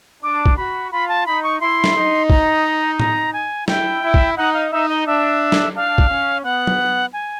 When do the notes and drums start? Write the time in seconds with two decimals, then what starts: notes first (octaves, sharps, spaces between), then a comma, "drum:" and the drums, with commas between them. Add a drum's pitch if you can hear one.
0.23 D4 D6
0.46 drum: kick
0.57 F#4 B5
0.92 F4 B5
1.09 A5
1.26 D#4 B5
1.43 C#6
1.61 E4 C6
1.84 drum: snare
1.96 D#4
2.30 A#5, drum: kick
3.00 A#5, drum: tom
3.33 G#5
3.68 E4 G5, drum: snare
4.03 E4
4.14 drum: kick
4.36 D#4 F#5
4.54 F5
4.71 D#4 E5
4.89 D#5
5.06 D4 E5
5.52 drum: snare
5.75 D4 F5
5.98 drum: kick
6.09 C#4
6.44 B3 F#5
6.67 drum: tom F#3
7.13 G#5